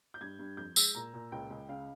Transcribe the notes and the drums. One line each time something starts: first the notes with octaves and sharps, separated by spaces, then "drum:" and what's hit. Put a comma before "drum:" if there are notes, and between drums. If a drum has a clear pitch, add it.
G6
G2 G#6
G2
F2 G6
G#3 E6, drum: tambourine
A#2 A#5
A#2
C#2 G5
C#2
C#3 F5